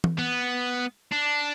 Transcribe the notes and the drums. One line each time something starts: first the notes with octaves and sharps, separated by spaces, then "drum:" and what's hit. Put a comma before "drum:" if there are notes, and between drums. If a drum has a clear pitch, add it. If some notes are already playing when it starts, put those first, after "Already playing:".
drum: tom E3
B3
D4